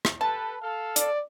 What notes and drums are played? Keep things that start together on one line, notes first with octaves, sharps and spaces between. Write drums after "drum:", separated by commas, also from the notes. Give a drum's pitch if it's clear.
drum: rim click
G4 A4 B4 A5
A4 F5
D5, drum: hi-hat